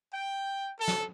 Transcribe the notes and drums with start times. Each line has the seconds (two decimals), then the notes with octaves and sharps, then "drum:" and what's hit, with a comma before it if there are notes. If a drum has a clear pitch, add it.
0.12 G5
0.78 A4
0.88 drum: snare